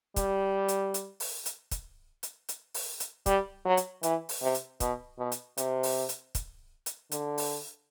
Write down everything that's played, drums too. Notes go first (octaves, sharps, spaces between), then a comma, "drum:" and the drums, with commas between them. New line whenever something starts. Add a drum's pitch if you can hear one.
G3, drum: kick, hi-hat
drum: hi-hat
drum: hi-hat
drum: open hi-hat
drum: hi-hat
drum: kick, hi-hat
drum: hi-hat
drum: hi-hat
drum: open hi-hat
drum: hi-hat
G3, drum: kick, hi-hat
F#3
drum: hi-hat
E3, drum: hi-hat
drum: open hi-hat
C3
drum: hi-hat
B2, drum: kick, hi-hat
B2
drum: hi-hat
C3, drum: hi-hat
drum: open hi-hat
drum: hi-hat
drum: kick, hi-hat
drum: hi-hat
D3, drum: hi-hat
drum: open hi-hat